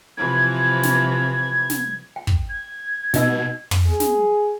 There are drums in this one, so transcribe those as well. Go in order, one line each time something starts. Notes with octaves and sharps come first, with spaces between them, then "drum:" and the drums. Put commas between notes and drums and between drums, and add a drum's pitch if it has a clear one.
C3 E3 F3 G#6
drum: snare
drum: snare
G5
drum: kick
G#6
B2 D#4 D#5 E6, drum: snare
drum: tom
G#4
drum: snare